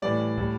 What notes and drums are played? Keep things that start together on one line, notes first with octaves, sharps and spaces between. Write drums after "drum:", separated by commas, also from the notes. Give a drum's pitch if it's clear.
A2 E3 G3 D5
A2 G3, drum: kick